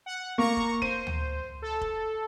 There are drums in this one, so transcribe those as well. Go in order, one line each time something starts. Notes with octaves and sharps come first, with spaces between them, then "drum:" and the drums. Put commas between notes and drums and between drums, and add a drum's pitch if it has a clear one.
F#5
A#3 A#5 C#6
drum: kick F1
C5 D#7, drum: kick F1
drum: tom D2
A4
drum: kick F1